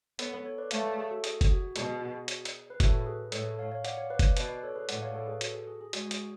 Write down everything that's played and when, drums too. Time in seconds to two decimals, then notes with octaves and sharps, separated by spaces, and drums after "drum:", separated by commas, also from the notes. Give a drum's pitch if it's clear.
0.19 B3 A4 C#5, drum: hi-hat
0.45 A4 C#5
0.58 B4 D5
0.71 A3 C#5 F5, drum: hi-hat
0.84 A4 C#5
0.98 G#4
1.11 F#4 A4
1.24 G#4, drum: hi-hat
1.41 drum: kick F#1, hi-hat
1.50 F#4
1.76 B2 G#4, drum: hi-hat
1.89 G#4
2.02 F#4
2.15 G#4
2.28 drum: hi-hat
2.45 drum: hi-hat
2.70 B4
2.80 A2 F#4 A4, drum: kick F#1, hi-hat
3.06 G#4 B4
3.32 A2 A4 C#5, drum: hi-hat
3.59 C#5 F5
3.71 C#5 F5
3.85 D5 F#5, drum: hi-hat
3.97 C#5 F5
4.10 B4 D5
4.19 drum: kick F#1, hi-hat
4.37 B2 B4 D5, drum: hi-hat
4.50 B4 D5
4.63 A4 C#5
4.76 G#4 B4
4.89 A2 D5 F#5, drum: hi-hat
5.02 C#5 F5
5.15 A4 C#5
5.28 G#4 B4
5.41 F#4 A4, drum: hi-hat
5.54 G#4
5.67 G#4
5.81 G#4
5.93 G#3 F#4, drum: hi-hat
6.11 G#4, drum: hi-hat